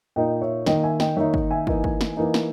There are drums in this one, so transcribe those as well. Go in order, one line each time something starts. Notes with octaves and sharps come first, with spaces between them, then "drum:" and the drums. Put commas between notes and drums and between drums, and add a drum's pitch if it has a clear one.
A#2 A#3 D#4 D#5 G5
C#5 E5
D#3 A#3 D#4 D#5 G5, drum: snare
E5 G#5
D#5 G5, drum: snare
D#3 A#3 D#4 C#5 E5
drum: kick
E5 G#5
E3 A#3 D#4, drum: kick
drum: kick
drum: snare
E3 A#3 D#4
drum: snare